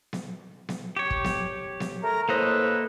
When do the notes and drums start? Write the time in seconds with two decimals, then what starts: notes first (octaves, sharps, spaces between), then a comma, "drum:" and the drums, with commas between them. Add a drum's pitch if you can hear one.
0.13 drum: snare B3
0.69 drum: snare B3
0.96 G4 C#5
1.10 drum: kick
1.24 drum: snare B3
1.80 drum: snare B3
2.03 A3 A#4 A#5
2.29 A2 A#3 A4 B4 C5 D#5